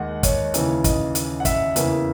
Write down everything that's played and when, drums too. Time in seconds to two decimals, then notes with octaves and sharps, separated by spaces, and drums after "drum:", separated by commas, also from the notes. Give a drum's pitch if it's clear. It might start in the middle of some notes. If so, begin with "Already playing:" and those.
Already playing: D#2 D#3 G#3 F#5
0.23 C#5, drum: kick, hi-hat
0.54 D#2 C#3 E3, drum: hi-hat
0.84 D#5, drum: kick, hi-hat
1.15 drum: hi-hat
1.40 F#5
1.45 E5, drum: kick, hi-hat
1.76 E2 C#3 E3 A#3, drum: hi-hat